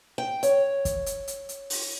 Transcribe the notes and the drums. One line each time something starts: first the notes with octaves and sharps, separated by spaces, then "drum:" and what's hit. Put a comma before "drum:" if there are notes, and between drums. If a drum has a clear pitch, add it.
G5
C#5, drum: hi-hat
drum: kick, hi-hat
drum: hi-hat
drum: hi-hat
drum: hi-hat
drum: open hi-hat